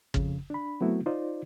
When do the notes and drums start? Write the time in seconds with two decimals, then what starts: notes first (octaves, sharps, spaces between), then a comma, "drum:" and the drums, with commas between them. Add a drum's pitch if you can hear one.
0.14 F2 C#3, drum: kick
0.50 D4 B5
0.81 F#3 A3 B3 C4 E4 F#4
1.06 D#4 F4 C5 D5